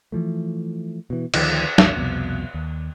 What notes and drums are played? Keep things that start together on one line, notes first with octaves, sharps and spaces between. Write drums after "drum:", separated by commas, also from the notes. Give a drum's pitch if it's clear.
E3 F3 A3
B2 E3
D2 D#3 F3, drum: cymbal
A1 D#2, drum: snare
C2 F2 B2
D#2